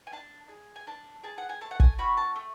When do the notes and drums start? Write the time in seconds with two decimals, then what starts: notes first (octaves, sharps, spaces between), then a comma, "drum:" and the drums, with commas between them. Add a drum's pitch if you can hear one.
0.07 G#5
0.12 D4 A5
0.49 G#4
0.76 G#5
0.87 D4 A5
1.24 G#4 A5
1.38 F#5
1.49 G#5
1.61 A3 A5
1.71 F#5
1.80 G#5, drum: kick
1.98 C#4 F#4 B5
2.17 A5
2.36 A3